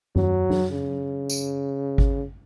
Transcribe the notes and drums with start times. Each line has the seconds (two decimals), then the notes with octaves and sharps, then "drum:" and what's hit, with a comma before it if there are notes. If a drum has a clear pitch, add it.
0.16 F#3, drum: tom F#2
0.50 drum: tom
0.72 C#3
1.30 drum: tambourine
1.98 drum: kick G#1